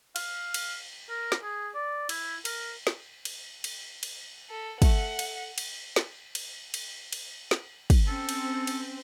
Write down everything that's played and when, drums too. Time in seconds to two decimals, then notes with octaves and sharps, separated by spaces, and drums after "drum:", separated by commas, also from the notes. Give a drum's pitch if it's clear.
0.16 F5, drum: cymbal
0.54 drum: cymbal
1.09 A#4
1.32 drum: snare
1.43 G#4
1.74 D5
2.09 E4, drum: cymbal
2.45 A#4, drum: cymbal
2.87 drum: snare
3.25 drum: cymbal
3.64 drum: cymbal
4.03 drum: cymbal
4.50 A4
4.82 A4 E5 F#5 A5, drum: kick, cymbal
5.19 drum: cymbal
5.58 drum: cymbal
5.96 drum: snare
6.35 drum: cymbal
6.74 drum: cymbal
7.13 drum: cymbal
7.51 drum: snare
7.90 drum: kick, cymbal
8.07 C4 C#4 A4
8.29 drum: cymbal
8.67 drum: cymbal